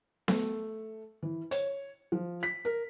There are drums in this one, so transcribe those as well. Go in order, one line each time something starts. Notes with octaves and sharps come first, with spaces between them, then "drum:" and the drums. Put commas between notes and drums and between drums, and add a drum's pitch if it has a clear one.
A3, drum: snare B3
E3
C#5, drum: hi-hat
F3
B6
A#4